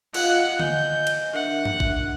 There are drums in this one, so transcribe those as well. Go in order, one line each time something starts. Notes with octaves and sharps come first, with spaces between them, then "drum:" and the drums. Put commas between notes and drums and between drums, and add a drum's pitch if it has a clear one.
F4 D#5 F5 F#5 F#6, drum: cymbal
D#5 G#5 G6, drum: tom D3
drum: cymbal
D4 A#4 E5 F#5
drum: tom G2
drum: kick